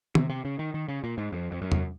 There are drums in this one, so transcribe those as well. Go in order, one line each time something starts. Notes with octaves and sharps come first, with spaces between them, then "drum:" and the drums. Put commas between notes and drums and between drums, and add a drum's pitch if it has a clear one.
C3, drum: tom
C3
C#3
D#3
D#3
C#3
A#2
G#2
F2
F2
F#2
drum: tom E2